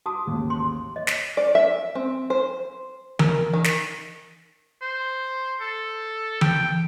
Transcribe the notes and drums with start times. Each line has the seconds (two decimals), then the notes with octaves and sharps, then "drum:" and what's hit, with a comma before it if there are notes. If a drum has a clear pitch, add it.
0.06 F#4 A5 D6 D#6
0.26 A1 D#2 G#2
0.50 C6
0.96 C#5 D#5
1.07 drum: snare
1.37 D5
1.55 E5
1.95 C4
2.30 C5
3.19 A#4, drum: tom E3
3.53 D#3
3.64 drum: snare
4.82 C5
5.61 A4
6.41 G5, drum: tom E3